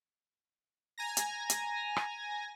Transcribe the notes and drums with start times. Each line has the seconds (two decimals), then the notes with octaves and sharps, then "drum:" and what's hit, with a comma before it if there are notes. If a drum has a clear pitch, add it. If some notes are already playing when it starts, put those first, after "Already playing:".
0.98 G#5 A#5 A#6
1.17 drum: hi-hat
1.50 drum: hi-hat
1.96 drum: rim click